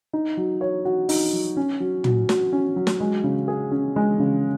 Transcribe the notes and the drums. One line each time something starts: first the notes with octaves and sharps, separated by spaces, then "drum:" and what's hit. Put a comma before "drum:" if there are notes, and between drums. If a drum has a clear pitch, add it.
D#4
F#3
C#5
F#4
D#4, drum: open hi-hat
F#3
C#4
F#3
F#3, drum: tom
F#4, drum: snare
C#4
F#3
drum: snare
G#3
C#3
G#4
C#4
G#3
C#3